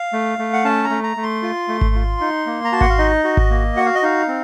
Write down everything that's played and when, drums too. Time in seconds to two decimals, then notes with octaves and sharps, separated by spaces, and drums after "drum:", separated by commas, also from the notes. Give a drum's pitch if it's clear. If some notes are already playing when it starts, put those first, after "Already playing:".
Already playing: F5
0.13 A3
0.39 A3
0.53 F#5
0.64 C#4 A5
0.84 A#5
0.90 A3
1.04 A#5
1.17 A3
1.23 C6
1.42 F4
1.68 A3
1.81 drum: kick G#1
1.95 F4
2.21 D#4
2.46 A#3
2.65 A#5
2.72 F#4 A5
2.81 F#5, drum: kick G#1
2.90 F5
2.98 D#4 D#5
3.24 F#4
3.37 drum: kick G#1
3.50 A#3
3.76 F#4 F#5
3.86 F5
3.95 D#5
4.02 D#4 F5
4.28 C4